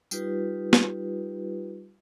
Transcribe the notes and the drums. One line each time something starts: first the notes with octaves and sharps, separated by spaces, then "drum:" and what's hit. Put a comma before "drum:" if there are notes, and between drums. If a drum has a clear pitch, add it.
G3 D#4 F4 G4 B4, drum: tambourine
drum: snare